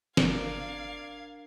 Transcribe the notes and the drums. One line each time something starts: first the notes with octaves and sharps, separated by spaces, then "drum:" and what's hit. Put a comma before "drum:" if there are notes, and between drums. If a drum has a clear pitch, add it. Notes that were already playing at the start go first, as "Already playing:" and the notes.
G1 D4 A#4 D5 F5 G#6, drum: snare